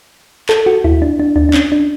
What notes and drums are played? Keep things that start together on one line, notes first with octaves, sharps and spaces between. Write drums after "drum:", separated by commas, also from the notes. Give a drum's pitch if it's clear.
A4, drum: clap
F#4
E4, drum: kick D2
D4
D4
D4, drum: kick D2
D4
C#4, drum: clap
D4